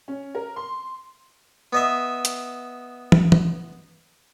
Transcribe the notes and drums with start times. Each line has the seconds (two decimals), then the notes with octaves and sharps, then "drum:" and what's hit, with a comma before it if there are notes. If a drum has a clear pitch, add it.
0.08 C#4
0.35 A#4
0.56 C6
1.73 B3 D#5 E5
2.25 drum: hi-hat
3.12 drum: tom
3.32 drum: tom